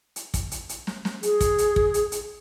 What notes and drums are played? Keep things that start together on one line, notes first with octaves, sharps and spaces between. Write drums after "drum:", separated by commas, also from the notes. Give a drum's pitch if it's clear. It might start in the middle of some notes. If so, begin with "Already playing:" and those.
drum: hi-hat
drum: kick, hi-hat
drum: hi-hat
drum: hi-hat
drum: snare
drum: snare
G#4, drum: hi-hat
drum: kick, hi-hat
drum: hi-hat
drum: kick
drum: hi-hat
drum: hi-hat